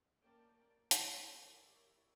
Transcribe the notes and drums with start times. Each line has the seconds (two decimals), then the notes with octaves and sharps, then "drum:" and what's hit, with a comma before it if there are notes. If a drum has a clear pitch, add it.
0.22 A#3 C#4 A#4 D5 G5 A5
0.91 B3 A4 D#5 G#5 B5, drum: hi-hat
1.33 E4 G4 A#4 C#5 D5